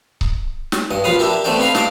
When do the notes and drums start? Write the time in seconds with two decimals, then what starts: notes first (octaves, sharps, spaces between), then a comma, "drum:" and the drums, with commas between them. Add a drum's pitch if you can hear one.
0.21 drum: kick C#1
0.72 drum: snare
0.91 G2 D#5
1.04 A#1 F4 B4 F5 D#6
1.19 D4 E4 G4 A#4
1.44 A3 B3 C4 D4 D5 G5
1.59 D#4 B4 F5 A#5
1.75 D4 D#5 F5 D6, drum: snare